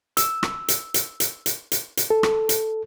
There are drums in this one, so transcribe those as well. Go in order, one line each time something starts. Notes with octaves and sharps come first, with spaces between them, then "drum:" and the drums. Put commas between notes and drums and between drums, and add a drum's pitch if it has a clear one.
E6, drum: hi-hat
drum: rim click
drum: hi-hat
drum: hi-hat
drum: hi-hat
drum: hi-hat
drum: hi-hat
drum: hi-hat
A4
drum: rim click
drum: hi-hat